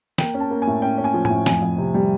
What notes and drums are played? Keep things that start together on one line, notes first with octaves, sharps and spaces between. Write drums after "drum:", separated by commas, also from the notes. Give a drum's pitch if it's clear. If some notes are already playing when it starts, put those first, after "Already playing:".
A#3 G5, drum: snare
C#4
A5
A#3
G#5
A2
C#4 G5
C#4
G#5
F3
A2 G#5, drum: tom
F2 G#5, drum: snare
F2
C3
G3